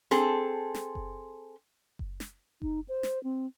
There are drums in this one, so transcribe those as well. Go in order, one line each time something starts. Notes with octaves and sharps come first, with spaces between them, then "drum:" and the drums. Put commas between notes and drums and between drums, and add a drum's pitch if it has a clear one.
C4 G#4 A4, drum: snare
drum: snare
drum: kick F#1
drum: kick F#1
drum: snare
D#4, drum: kick F#1
C5
drum: snare
C4